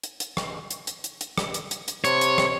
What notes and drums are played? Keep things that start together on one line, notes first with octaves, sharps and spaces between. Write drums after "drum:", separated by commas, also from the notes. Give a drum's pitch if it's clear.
drum: hi-hat
drum: hi-hat
drum: rim click
drum: hi-hat
drum: hi-hat
drum: hi-hat
drum: hi-hat
drum: rim click
drum: hi-hat
drum: hi-hat
drum: hi-hat
C3 C#5, drum: hi-hat
drum: hi-hat
drum: rim click